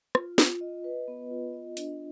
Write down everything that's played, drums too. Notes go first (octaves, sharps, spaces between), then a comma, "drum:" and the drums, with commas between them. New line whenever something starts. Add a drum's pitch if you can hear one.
F4, drum: rim click
F4, drum: snare
D#5
B4
B3
F4
D#5
D4, drum: hi-hat